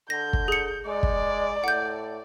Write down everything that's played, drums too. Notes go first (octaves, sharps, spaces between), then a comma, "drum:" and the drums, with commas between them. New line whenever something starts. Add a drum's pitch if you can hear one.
D3 G6 A#6
drum: kick
G#4 C#7
G#3 D5
drum: kick
A2 F#5 G6